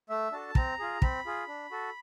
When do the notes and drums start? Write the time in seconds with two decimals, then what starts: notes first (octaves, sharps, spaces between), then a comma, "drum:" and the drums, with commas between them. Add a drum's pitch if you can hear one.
0.09 A3 E5
0.32 D4 F#4 A4 A5
0.55 C4 A#5, drum: kick
0.79 F4 G#4
1.02 C4 B5, drum: kick
1.26 F4 G#4
1.48 D4
1.71 F#4 A4